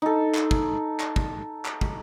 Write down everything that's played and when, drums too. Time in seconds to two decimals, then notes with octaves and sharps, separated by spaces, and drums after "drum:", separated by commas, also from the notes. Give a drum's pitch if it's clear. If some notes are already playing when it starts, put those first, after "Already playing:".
0.02 D#4 A4
0.35 drum: clap
0.51 drum: kick
1.00 drum: clap
1.16 drum: kick
1.65 drum: clap
1.81 drum: kick